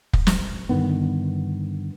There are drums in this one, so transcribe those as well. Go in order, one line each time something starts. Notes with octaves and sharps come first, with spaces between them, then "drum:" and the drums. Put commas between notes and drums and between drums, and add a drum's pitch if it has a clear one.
drum: kick
drum: snare
G2 D3 D#3 B3